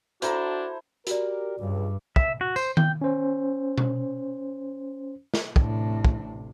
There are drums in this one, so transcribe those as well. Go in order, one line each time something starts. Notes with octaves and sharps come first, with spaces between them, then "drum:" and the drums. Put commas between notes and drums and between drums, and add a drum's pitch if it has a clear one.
D4 E4 F#4 A4 C5 A#5, drum: hi-hat
F#4 G4 A#4 D5, drum: hi-hat
C#2 G2
E5, drum: kick
F#4
C5, drum: tambourine
G5, drum: tom D#3
C#4 C5
drum: tom B2
drum: snare
A1 A2 C3 D4, drum: kick
drum: kick